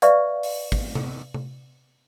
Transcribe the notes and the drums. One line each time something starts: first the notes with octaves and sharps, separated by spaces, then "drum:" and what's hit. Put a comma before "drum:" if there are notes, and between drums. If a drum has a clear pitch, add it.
B4 D5 E5 F5 C#6, drum: hi-hat
drum: open hi-hat
drum: kick
drum: tom C3
drum: tom C3